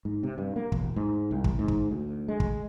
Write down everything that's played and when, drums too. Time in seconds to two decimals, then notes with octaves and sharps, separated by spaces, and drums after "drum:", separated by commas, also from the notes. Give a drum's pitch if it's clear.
0.05 G#2
0.23 C3
0.38 G2
0.56 A#3
0.72 E1, drum: kick
0.96 G#2
1.31 C2
1.44 drum: kick
1.59 G#2
1.68 drum: kick
1.91 D2
2.28 G#3
2.40 drum: kick